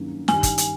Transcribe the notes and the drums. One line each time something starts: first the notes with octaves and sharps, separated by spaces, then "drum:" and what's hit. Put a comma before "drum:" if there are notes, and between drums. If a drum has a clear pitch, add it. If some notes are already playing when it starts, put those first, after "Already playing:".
Already playing: G2 D#3 F#3 A#3 C#4
G2 D#3 G3 G#5, drum: snare
drum: kick, hi-hat
drum: hi-hat